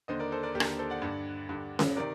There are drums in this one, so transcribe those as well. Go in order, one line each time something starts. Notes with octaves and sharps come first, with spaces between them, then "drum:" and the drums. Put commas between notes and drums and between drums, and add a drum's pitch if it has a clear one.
D#2 D3 C5 D#5
A#4 D5
A4 C5
A#4 D5
D#2 G4 A#4
D3, drum: rim click
G4 A#4
A4 C5
D5 F#5
G2 D3
G2 D3
drum: snare C#4
C3 D#3 A#4 D5